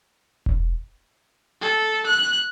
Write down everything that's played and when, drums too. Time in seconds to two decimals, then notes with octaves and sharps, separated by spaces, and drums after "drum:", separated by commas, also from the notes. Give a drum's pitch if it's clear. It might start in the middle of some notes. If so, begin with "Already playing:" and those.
0.46 drum: kick E1
1.62 A4
2.07 F#6